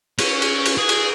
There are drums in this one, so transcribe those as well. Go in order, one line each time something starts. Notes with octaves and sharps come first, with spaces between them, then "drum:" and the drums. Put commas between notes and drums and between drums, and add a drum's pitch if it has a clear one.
C#4, drum: cymbal
drum: cymbal
drum: cymbal
G#4
drum: cymbal